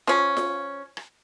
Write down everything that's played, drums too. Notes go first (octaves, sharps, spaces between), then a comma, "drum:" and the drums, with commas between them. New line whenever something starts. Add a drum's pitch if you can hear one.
F3 C#4, drum: snare F4
drum: snare F4
drum: rim click